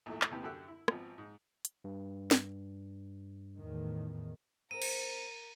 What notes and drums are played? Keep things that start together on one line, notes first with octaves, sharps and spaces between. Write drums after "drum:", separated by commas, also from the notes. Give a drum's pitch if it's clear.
A#1 E2 G#2 E3 A3
drum: clap
D#2 C3 B3 E4 G4 B4
F#2 D3 F#4 G4 E6 F#6
E4
G#1 F3 B3 C4, drum: rim click
G#2
drum: hi-hat
G2
drum: snare
E2 A2 D#3
G#3 C4 A#4 D#7
drum: cymbal